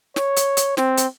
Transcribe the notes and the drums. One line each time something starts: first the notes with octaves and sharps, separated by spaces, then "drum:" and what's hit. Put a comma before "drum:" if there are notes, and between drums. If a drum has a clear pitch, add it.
C#5, drum: snare
drum: hi-hat
drum: hi-hat
C4, drum: snare
drum: hi-hat